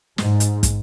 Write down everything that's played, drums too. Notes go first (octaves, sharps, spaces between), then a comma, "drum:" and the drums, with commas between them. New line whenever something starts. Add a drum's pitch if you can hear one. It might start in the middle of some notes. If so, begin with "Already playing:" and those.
G#2, drum: snare
drum: hi-hat
drum: kick, hi-hat